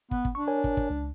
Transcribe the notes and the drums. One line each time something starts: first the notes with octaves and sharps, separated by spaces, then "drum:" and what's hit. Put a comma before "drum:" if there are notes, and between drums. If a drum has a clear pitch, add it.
B3, drum: kick
drum: kick
D4 C#6
A#4 C#5 G#5
drum: kick
drum: kick
C#2